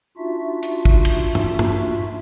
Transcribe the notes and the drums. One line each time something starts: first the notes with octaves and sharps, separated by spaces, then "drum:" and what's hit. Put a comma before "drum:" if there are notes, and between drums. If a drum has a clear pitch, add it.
D4 D#4 F4 F#4 E5
drum: hi-hat
drum: kick
drum: cymbal
drum: tom
drum: tom